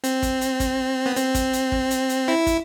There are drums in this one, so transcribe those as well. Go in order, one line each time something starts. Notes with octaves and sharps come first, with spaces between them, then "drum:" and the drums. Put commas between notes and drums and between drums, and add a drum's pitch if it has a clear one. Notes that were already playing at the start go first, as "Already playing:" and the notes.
C4, drum: hi-hat
drum: kick, hi-hat
drum: hi-hat
drum: kick, hi-hat
B3
C4, drum: hi-hat
drum: kick, hi-hat
drum: hi-hat
drum: kick
drum: hi-hat
drum: hi-hat
E4
drum: kick, hi-hat